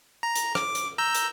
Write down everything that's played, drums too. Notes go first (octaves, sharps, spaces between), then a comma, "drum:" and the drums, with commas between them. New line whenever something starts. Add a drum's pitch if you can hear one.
A#5
drum: hi-hat
D6, drum: rim click
drum: hi-hat
A#5 E6 G6
drum: hi-hat